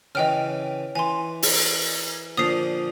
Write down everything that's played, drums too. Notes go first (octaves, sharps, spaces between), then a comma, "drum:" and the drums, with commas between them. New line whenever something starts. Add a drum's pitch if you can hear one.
C#3 E3 D#5 G5 F6
E3 G#5 C6
drum: open hi-hat
A#2 D3 F3 D#6 C7